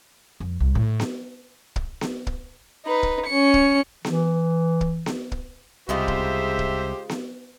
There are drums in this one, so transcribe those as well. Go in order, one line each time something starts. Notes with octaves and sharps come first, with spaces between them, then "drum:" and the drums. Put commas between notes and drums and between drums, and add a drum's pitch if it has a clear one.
F2
C2
A2
drum: snare B3
drum: kick
drum: snare B3
drum: kick
D#4 B4
drum: kick
C#4 C#7
drum: kick
E3, drum: snare B3
drum: kick
drum: snare B3
drum: kick
C2 C#3 G#3 F4 G4 C5 E5
drum: kick
drum: kick
drum: snare B3